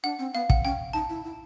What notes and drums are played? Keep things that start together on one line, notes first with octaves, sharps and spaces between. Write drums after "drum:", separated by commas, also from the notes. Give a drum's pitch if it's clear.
D4 F#5
C4
B3 F5
F#5, drum: kick
C#4 G5
D#4 A5
E4
E4